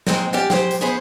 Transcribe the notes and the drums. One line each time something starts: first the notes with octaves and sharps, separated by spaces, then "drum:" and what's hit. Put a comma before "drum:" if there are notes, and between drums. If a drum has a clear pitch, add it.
A#2 G#3 C4, drum: snare
G4 D5 F5 F#5 G#5
G4 C5, drum: snare
drum: hi-hat
B3 G#4 B4 C5